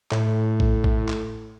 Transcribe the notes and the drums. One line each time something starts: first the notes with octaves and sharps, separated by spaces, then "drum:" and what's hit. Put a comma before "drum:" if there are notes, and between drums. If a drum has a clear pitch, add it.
A2, drum: clap
drum: kick A1
drum: kick A1
drum: clap